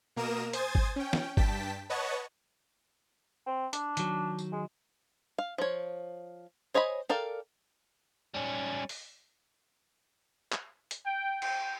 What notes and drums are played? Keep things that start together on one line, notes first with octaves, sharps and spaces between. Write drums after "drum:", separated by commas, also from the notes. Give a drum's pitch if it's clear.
B2 A#3 A#4 A#5 D#6 E7
C5 G#5 D#6 G#6 A6, drum: hi-hat
drum: kick G1
C#4 G5
drum: snare
G2 G5 A5 B6, drum: kick G1
B4 C#5 D#5 F#5 A5 C#6
C4
D4, drum: hi-hat
D#3 F#3, drum: hi-hat
drum: tambourine
G#3
F5
F3 C#5
C5 C#5 D#5 G#5 B5
A4 A#4 D5 F5 G5
G3 C#4
drum: open hi-hat
drum: clap
drum: hi-hat
G5
G5, drum: cymbal